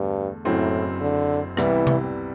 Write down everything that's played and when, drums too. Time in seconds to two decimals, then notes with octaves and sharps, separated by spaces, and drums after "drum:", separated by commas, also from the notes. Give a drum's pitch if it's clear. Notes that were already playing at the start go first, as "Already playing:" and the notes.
Already playing: E2 G2 D3 A3
0.45 F#1 F#2 A2 F#3 C4 E4
1.01 D3
1.57 C2 C3 E3 G3 B3 E4, drum: rim click
1.87 drum: tom C3